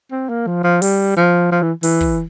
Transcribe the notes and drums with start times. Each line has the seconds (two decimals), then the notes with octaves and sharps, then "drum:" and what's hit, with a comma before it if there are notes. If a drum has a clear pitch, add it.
0.11 C4
0.29 A#3
0.47 F3
0.64 F3
0.82 G3, drum: open hi-hat
1.17 F3
1.52 F3
1.62 E3
1.83 E3, drum: open hi-hat
2.00 drum: kick